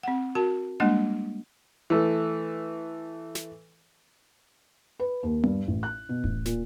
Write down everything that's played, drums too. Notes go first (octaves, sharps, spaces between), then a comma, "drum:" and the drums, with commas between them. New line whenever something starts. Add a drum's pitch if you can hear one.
C4 F#5
F#4 A#4 A5
G3 G#3 A#3 D4 D#5 F#5
E3 A3
drum: snare
B4
D#2
G2, drum: tom B3
A1
F#6
B2
A1, drum: kick D1
A#2, drum: snare